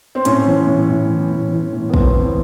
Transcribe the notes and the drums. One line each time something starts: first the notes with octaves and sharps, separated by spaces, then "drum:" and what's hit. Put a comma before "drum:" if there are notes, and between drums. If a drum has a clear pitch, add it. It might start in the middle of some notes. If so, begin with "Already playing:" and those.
C4
A2 C#4, drum: hi-hat
E3
A2
A2
E3
A2
E3
A2
B3
A2 C4, drum: kick
E3